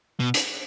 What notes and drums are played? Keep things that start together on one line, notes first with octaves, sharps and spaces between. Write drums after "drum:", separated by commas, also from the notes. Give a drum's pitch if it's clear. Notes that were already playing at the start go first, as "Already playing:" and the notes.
B2
drum: hi-hat